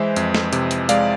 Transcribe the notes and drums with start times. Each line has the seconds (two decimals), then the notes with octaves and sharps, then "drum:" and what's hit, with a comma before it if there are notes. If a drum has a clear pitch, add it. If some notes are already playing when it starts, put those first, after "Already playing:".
Already playing: E3 G#3 C5 E5
0.16 F2, drum: hi-hat
0.34 drum: snare
0.53 C3, drum: hi-hat
0.71 drum: hi-hat
0.89 G#3 D5 F5, drum: hi-hat